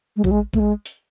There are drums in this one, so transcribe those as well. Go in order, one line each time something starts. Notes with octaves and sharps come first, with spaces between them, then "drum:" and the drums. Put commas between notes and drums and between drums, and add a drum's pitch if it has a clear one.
G#3
F#3, drum: kick
G#3
A3, drum: kick
G#3
drum: hi-hat